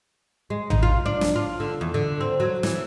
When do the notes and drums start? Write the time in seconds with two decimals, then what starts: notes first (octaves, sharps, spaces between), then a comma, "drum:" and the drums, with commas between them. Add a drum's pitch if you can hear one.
0.50 G#3
0.70 D#4, drum: tom A1
0.83 F4
1.06 D4
1.21 drum: snare
1.36 F4
1.60 D3
1.81 E2
1.94 D3
2.21 C4
2.40 F#3
2.63 E3, drum: snare